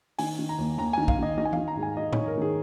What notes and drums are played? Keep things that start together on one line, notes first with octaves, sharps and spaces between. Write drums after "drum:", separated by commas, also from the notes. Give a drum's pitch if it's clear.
D#3 G#5, drum: open hi-hat
D#3
A#5
D#2
D#2 A#5
G#5
D#3
F5, drum: kick
D#3 D#5
D#3 D#5
G#5
F5, drum: tom E3
D#3
A#5
G#2
G#5
G#2 D#5
C#5, drum: tom A2
D#3
A#4
D#3 G#4